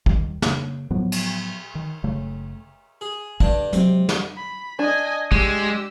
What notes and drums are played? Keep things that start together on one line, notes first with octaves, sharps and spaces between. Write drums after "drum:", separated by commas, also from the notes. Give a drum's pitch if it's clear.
D#2 D#3 G3, drum: kick
C#3 A#3, drum: snare
A2 F3 F#3 B3
drum: cymbal
D#3
F#1 C#3 A3
G#4
G2 D3 D4 A5, drum: kick
C3 F#3 G#3, drum: hi-hat
drum: snare
B5
D4 D#5 G#5
G#3 G4 E6, drum: kick